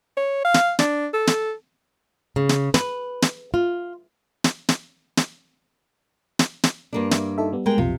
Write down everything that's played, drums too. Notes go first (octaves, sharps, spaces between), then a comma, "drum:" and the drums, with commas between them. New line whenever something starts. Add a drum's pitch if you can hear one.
C#5
F5
drum: snare
D4, drum: snare
A4
drum: snare
C#3
drum: snare
B4, drum: snare
drum: snare
F4
drum: snare
drum: snare
drum: snare
drum: snare
drum: snare
G2 A#3 D4
E5, drum: snare
D#4 A4 E5
G3 B3
G#3 A#4 G5
B1 F2 C3 F4